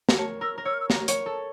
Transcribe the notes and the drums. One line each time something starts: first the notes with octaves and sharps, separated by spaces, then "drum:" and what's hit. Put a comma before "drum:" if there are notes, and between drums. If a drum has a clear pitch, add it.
A#4, drum: snare
C#5 A5
A#4 E6
A#4
C#5 E6
F6
E6
A#4 A#5, drum: snare
C#5, drum: hi-hat
A4 A5